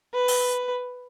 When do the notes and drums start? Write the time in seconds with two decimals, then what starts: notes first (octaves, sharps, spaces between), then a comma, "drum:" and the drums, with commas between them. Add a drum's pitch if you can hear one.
0.14 B4
0.28 drum: open hi-hat